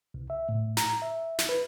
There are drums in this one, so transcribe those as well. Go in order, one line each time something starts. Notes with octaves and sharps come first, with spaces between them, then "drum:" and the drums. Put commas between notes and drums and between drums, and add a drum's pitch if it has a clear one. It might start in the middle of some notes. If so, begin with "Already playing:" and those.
C2
E5
A2
A#5, drum: snare
E5
drum: snare
B4